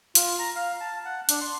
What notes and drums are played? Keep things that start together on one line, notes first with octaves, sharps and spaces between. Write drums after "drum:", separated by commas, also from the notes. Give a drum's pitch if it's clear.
F4, drum: hi-hat
A#5
F5
A5
F#5
D4, drum: hi-hat
C6